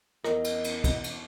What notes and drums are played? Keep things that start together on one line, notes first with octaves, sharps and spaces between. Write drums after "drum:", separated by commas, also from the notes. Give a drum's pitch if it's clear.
E2 A#4 D#5, drum: rim click
drum: cymbal
drum: cymbal
drum: kick, cymbal
drum: cymbal